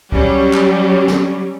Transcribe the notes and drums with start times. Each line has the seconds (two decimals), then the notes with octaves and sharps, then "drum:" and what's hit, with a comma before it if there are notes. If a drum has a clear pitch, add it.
0.12 F#3 G3 C#4, drum: kick C2
0.53 drum: clap
1.08 drum: snare